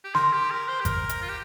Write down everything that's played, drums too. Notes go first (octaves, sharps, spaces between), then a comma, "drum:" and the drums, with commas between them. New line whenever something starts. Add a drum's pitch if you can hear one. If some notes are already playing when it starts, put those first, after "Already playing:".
G4
A#4 C6, drum: snare
G4
A#4
C5
G4
A#4, drum: kick G#1, hi-hat
drum: hi-hat
F4
G4